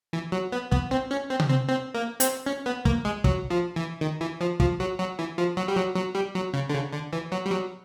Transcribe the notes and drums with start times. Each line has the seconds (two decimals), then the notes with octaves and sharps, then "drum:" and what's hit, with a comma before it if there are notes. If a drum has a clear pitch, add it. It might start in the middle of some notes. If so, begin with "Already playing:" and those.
0.13 E3
0.32 F#3
0.52 B3
0.72 B3, drum: kick
0.91 C4
1.11 C#4
1.30 C4
1.40 drum: tom C3
1.49 C4
1.68 C4
1.95 A#3
2.20 C4, drum: hi-hat
2.46 C#4
2.66 B3
2.85 A#3, drum: kick
3.05 G#3
3.24 F#3, drum: kick
3.50 F3
3.76 E3
4.01 D#3
4.21 E3
4.41 F3
4.60 F3, drum: kick
4.80 F#3
4.99 F#3
5.19 E3
5.38 F3
5.57 F#3
5.68 G3
5.76 F#3
5.96 F#3
6.15 G3
6.35 F#3
6.54 C#3
6.70 D3
6.74 C#3
6.93 D3
7.13 E3
7.32 F#3
7.46 G3
7.51 F#3